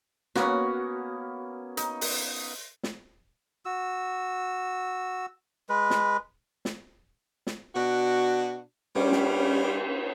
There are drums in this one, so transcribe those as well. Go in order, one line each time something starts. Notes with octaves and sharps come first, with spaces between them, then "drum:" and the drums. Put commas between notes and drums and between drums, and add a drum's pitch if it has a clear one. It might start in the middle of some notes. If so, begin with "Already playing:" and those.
A#3 B3 C#4 F#4, drum: snare
D#4, drum: hi-hat
drum: open hi-hat
drum: snare
F#4 E6
G#3 B4
drum: snare
drum: snare
drum: snare
B2 D4 F#4
G3 C#4, drum: cymbal
drum: snare